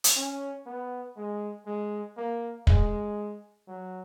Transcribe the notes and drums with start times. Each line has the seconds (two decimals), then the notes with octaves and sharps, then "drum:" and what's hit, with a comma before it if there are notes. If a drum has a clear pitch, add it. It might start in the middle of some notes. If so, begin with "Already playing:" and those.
0.04 drum: hi-hat
0.16 C#4
0.66 B3
1.17 G#3
1.66 G#3
2.17 A#3
2.67 G#3, drum: kick
3.68 F#3